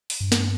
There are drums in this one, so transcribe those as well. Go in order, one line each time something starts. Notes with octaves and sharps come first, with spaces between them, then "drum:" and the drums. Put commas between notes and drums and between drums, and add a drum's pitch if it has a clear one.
drum: open hi-hat
G2
drum: snare